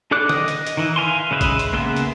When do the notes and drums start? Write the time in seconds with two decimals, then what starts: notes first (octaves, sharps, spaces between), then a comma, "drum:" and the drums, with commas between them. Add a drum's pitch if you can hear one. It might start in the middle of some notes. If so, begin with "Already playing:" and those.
0.11 D4 A4 D5 D6 F#6
0.29 D#5 D#6, drum: snare
0.48 drum: hi-hat
0.67 drum: hi-hat
0.77 D#3 E3
0.96 E5 F5 G#5 C6
1.31 C#3 G#3 B4 C5 E5
1.41 drum: kick, hi-hat
1.59 drum: hi-hat
1.73 C#3 A#3 B3 E5 C6
1.97 drum: hi-hat